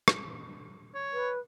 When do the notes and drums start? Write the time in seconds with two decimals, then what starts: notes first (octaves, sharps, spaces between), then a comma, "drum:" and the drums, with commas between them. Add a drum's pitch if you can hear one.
0.08 drum: rim click
0.94 C#5
1.13 B4